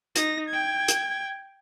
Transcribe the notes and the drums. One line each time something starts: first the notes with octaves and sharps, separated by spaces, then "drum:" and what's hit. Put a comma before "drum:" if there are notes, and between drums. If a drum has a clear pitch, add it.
D#4 A#6, drum: hi-hat
G5 G#6
drum: hi-hat